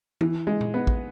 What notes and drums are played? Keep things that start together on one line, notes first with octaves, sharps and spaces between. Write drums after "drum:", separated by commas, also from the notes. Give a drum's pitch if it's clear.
E3, drum: tom
G#3
drum: tom A#2
B3
drum: kick